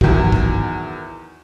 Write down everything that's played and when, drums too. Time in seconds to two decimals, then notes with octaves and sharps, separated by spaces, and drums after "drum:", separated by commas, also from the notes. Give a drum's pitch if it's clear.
0.01 E2 D#3 F#3, drum: kick
0.32 drum: kick